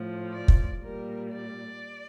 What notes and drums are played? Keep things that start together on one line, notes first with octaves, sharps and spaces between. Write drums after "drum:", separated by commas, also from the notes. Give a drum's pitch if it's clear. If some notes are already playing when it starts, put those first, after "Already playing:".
Already playing: A2 F3
D5
drum: kick
A#2 G3 A#4
D5